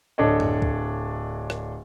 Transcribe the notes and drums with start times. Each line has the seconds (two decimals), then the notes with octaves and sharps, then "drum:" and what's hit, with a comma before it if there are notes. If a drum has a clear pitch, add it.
0.18 D1 D4 A4 C#5 D#5
0.40 drum: tom F#2
0.62 drum: kick
1.50 drum: rim click